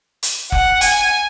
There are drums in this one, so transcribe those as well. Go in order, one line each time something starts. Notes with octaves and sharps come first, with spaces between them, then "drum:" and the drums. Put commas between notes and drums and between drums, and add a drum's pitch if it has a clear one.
drum: hi-hat
F#5, drum: kick F1
G#5, drum: hi-hat